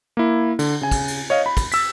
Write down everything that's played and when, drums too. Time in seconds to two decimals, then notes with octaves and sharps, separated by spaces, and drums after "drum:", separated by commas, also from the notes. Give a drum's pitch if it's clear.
0.17 A#3 E4
0.59 D3, drum: cymbal
0.81 C#3 G#5
0.91 drum: kick, cymbal
1.08 drum: cymbal
1.30 C#5 D#5 F5
1.46 B5
1.57 drum: kick, cymbal
1.72 E6 B6, drum: cymbal